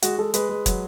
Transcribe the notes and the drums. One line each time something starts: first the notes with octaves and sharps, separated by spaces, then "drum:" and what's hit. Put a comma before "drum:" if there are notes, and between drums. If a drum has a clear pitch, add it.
G#3 F#4, drum: hi-hat
G#3 A4
G#3 B4, drum: hi-hat
G#3
F#3, drum: kick, hi-hat